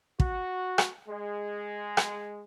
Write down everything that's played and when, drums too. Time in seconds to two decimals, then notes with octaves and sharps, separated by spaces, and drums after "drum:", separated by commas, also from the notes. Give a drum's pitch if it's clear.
0.20 F#4, drum: kick
0.78 drum: rim click
1.08 G#3
1.97 drum: rim click